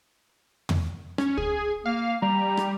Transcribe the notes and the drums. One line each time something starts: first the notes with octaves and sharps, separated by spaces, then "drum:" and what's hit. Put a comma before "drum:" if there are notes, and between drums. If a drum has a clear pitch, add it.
drum: tom
C#4, drum: rim click
G#4, drum: kick
A#3 F5
G3 A#5
drum: rim click